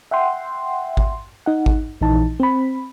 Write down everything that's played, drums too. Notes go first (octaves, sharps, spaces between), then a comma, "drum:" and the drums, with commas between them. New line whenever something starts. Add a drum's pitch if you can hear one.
E5 F#5 G5 C6
drum: kick G#1
D#4 F#5
drum: kick G#1
A#1 E3 D#4 A5
C4 B5